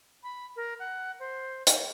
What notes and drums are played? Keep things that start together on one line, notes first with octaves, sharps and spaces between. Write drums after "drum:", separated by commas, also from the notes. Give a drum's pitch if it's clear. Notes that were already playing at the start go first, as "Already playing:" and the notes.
B5
A#4
F#5
C5
drum: hi-hat